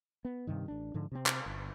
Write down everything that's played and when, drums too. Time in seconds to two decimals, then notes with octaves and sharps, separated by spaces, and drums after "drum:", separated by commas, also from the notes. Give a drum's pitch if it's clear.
0.25 B3
0.47 G2 C3 D#3
0.68 A1 D4
0.94 G#2 D3 F3
1.12 C3 C4
1.26 drum: clap
1.46 G1